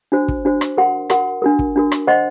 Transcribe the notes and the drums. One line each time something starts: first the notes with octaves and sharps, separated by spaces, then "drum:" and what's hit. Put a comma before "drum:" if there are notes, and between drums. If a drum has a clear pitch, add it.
D4 F#4 C5
drum: kick
D4 F#4 C5
drum: rim click
F#4 A#4 F#5 C6
F#4 A#4 F#5 C6, drum: rim click
D4 F#4 A#4
drum: kick
D4 F#4 A#4
drum: rim click
C5 D#5 F#5 C6